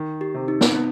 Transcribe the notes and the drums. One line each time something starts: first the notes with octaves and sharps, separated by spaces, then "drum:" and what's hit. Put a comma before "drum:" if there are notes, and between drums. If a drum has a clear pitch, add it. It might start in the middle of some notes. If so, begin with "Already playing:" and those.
Already playing: D#3
G4
C3
D#4
drum: snare
B3